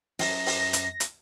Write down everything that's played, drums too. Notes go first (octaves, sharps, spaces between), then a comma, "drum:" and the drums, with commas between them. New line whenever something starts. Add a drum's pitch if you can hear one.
F#2 A#6, drum: open hi-hat
drum: open hi-hat
drum: hi-hat
drum: hi-hat